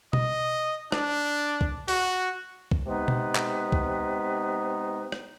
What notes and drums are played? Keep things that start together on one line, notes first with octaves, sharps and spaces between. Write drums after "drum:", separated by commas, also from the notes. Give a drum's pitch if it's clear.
D#5, drum: tom B2
D4, drum: rim click
drum: kick
F#4, drum: open hi-hat
drum: kick
C3 G#3 B3 D#4 B4
drum: tom B2
drum: clap
drum: kick
drum: rim click